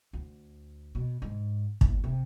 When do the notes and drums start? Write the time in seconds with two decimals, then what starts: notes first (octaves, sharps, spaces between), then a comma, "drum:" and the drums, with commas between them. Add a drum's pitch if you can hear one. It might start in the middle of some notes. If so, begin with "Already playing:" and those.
0.13 D2
0.95 B2
1.22 G#2
1.81 D#2 A2, drum: kick
2.04 C3